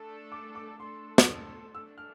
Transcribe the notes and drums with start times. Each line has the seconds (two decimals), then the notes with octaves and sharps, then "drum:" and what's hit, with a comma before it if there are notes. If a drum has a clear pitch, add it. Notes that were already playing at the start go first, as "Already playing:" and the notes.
Already playing: A3 D4 A4
0.32 D6
0.55 D6
0.80 A3 D4 A4 C6
1.18 drum: snare
1.74 A3 D4 A4 E6
1.98 F6